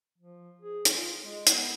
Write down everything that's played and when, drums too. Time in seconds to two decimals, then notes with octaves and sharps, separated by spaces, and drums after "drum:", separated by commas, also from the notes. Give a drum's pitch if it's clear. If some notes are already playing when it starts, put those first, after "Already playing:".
0.18 F3
0.61 G#4
0.85 drum: hi-hat
0.95 F4
1.22 G#3
1.47 B3, drum: hi-hat